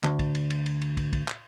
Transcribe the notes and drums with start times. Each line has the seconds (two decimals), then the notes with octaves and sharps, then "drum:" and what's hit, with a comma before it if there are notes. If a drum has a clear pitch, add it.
0.04 D2, drum: clap
0.19 drum: kick, cymbal
0.35 drum: cymbal
0.50 drum: cymbal
0.66 drum: cymbal
0.81 drum: cymbal
0.97 drum: kick, cymbal
1.13 drum: kick, cymbal
1.28 drum: clap